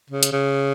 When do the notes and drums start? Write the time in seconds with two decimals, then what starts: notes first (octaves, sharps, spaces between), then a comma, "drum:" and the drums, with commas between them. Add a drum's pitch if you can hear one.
0.10 C#3
0.23 drum: hi-hat
0.32 C#3